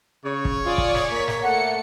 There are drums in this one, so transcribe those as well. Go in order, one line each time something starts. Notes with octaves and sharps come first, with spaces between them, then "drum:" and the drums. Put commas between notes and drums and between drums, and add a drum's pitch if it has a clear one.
C#3 C#5
drum: kick
F4 G#4 D5 D#6
drum: kick
drum: snare
A#3 B6
drum: snare
A3 A4 F#5 C#7